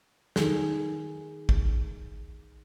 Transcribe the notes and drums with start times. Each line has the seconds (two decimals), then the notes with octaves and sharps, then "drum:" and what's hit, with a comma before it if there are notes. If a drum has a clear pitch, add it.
0.36 D#3 G#4 A4, drum: snare
1.49 drum: kick A1